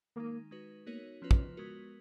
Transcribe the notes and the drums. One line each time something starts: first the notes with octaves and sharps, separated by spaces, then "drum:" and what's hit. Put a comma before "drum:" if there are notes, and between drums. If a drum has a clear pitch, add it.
D#3 G#3 A#3 D#4
G#3 D#4 F#4 B4
A#3 B3 D#4 F#4 A#4 C#5
F3 B3 C#4 F4 B4
drum: kick
G#3 B3 F#4 A#4